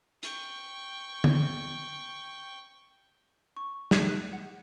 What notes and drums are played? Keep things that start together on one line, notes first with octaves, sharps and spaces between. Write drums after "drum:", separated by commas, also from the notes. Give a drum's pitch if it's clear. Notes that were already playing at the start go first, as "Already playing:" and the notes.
G5 C#6, drum: hi-hat
drum: tom
C#6
D#7, drum: snare
F#6
F#5